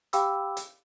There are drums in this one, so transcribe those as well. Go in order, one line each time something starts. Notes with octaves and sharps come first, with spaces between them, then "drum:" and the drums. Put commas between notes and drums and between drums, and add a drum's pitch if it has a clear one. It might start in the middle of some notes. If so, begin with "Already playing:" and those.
G4 F5 G5 B5 D6 E6, drum: hi-hat
drum: hi-hat